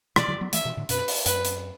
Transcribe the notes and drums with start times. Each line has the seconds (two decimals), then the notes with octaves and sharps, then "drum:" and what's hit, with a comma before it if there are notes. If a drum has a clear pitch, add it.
0.16 B2 E3 D5, drum: rim click
0.28 D3 F#3
0.41 F#3 B3
0.53 E3 A3 E5, drum: hi-hat
0.65 B2 E3
0.77 A2 D3
0.89 F#2 B2 B4, drum: hi-hat
1.08 drum: open hi-hat
1.26 F#2 B4, drum: hi-hat
1.45 drum: hi-hat